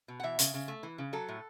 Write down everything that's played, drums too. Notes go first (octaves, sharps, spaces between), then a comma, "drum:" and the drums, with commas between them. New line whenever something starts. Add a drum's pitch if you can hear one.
B2
F#5
E3 E5
C#3, drum: hi-hat
C#3
A3
E3
C#3
F#3 A4
A2